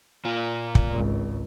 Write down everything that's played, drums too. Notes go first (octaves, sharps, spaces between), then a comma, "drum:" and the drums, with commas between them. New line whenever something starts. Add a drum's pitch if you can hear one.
A#2 F4
drum: kick
G#1 C#2